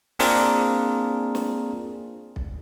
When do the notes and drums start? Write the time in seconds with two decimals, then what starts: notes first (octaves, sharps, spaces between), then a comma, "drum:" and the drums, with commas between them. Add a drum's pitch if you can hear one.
0.19 A#3 C4 D4 F4 G#4 A#4, drum: open hi-hat
1.35 drum: snare
2.36 drum: kick B1